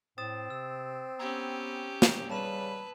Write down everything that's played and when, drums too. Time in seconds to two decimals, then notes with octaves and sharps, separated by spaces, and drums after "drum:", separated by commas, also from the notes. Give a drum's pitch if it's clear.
0.18 A2 C4 D#6 A6 E7
0.50 C3 E6
1.19 B3 C#4 G4 A#5 E6 G#6
2.02 drum: snare
2.30 C#3 G3 B4 A5 B5 E7